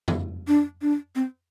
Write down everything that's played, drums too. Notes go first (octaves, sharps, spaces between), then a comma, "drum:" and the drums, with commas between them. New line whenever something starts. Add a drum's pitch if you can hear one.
drum: tom F2
D4
D4
C4